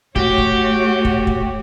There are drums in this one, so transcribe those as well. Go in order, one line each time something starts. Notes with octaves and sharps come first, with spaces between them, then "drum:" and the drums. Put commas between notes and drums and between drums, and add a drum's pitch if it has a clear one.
A3 F#4 G4 C#5, drum: kick
drum: kick
drum: kick
drum: kick